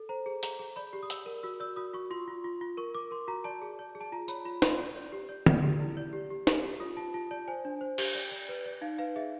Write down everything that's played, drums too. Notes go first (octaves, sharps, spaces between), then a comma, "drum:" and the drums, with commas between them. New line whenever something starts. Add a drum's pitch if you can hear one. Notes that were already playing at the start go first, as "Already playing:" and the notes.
Already playing: A4
C5 A#5
G#4
G#4 A#5, drum: hi-hat
G#4
D5 B5
G4
D#6
D5 E6, drum: hi-hat
A#4
F#4 E6
D5 E6
F#4 D#6
F#4 C#6
F4 C6
F4
F4
F4
A#4 C#6
A#4 D6
A#4 C6
F#4 A#5
D5 A5
G#4
D5
G#4
A5
F4 A#5
C#5 B5, drum: tambourine
F4 B5
F4 C6, drum: snare
D5
D5
G4
D5
D5, drum: tom D3
G4
E4
D5
G4
G4
G4, drum: snare
G4
F4 D#6
F4 A5
F4 A5
D5 A5
C5 G#5
D4
C5
G4, drum: cymbal
D5
D5
B4
D5
D#4 F5
B4 F5
G#4 E5